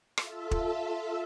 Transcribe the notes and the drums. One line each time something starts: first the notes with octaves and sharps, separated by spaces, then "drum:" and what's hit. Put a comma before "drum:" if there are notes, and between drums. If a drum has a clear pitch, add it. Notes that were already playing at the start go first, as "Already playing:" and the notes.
F4 A4 E5, drum: rim click
drum: kick